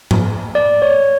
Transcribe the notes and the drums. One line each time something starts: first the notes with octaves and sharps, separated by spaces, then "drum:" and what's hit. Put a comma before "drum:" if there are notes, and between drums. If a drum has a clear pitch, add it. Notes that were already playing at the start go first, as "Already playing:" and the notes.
drum: tom G#2
D5
C#5